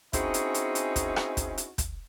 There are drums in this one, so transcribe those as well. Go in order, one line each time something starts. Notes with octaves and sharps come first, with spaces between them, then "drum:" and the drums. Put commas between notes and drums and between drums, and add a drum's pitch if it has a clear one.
C4 C#4 D#4 E4 F#4 G#4, drum: kick, hi-hat
drum: hi-hat
drum: hi-hat
drum: hi-hat
drum: kick, hi-hat
drum: rim click
drum: kick, hi-hat
drum: hi-hat
drum: kick, hi-hat